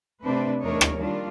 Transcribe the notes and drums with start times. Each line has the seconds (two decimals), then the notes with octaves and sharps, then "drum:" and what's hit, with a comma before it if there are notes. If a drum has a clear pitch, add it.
0.23 C3 A3 C4 D4 B4
0.61 E2 A3 D4 D#4 A#4 C#5
0.81 drum: rim click
0.96 D#3 G3 A#3 D4 F4